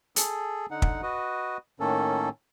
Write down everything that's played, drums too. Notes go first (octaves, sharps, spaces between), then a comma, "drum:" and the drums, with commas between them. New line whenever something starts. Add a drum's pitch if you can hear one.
G#4 A4, drum: hi-hat
D3 D#4 F#5
drum: kick
F#4 B4 D#5
A2 D#3 A#3 C#4 A4